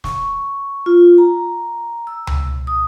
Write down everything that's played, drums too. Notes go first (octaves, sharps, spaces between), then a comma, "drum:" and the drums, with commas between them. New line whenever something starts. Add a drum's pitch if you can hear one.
C#6, drum: snare
F4
A#5
E6
drum: tom C#2
D#6